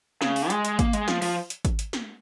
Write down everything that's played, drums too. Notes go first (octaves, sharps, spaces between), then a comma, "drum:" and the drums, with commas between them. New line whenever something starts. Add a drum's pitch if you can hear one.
C#3, drum: snare
drum: open hi-hat
G#3, drum: hi-hat
drum: hi-hat
A#3, drum: kick G#1, hi-hat
G#3, drum: hi-hat
F3, drum: snare
F3, drum: open hi-hat
drum: hi-hat
drum: kick G#1, hi-hat
drum: hi-hat
drum: snare